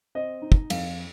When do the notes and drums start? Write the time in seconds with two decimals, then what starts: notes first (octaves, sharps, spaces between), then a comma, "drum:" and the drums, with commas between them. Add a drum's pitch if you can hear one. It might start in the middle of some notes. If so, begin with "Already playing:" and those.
0.15 C4 D#5
0.42 D#4
0.52 drum: kick
0.70 F2 F5, drum: cymbal